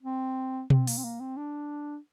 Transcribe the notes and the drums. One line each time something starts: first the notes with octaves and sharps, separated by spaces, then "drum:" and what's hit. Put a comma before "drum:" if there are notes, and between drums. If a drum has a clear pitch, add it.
C4
C4, drum: tom B2
A#3, drum: open hi-hat
C4
A#3
C4
D4